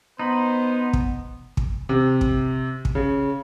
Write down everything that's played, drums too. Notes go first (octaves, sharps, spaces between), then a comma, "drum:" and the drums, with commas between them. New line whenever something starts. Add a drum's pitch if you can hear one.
B3 D#4 C5 B5
drum: kick
drum: kick
C3
drum: kick
drum: kick
C#3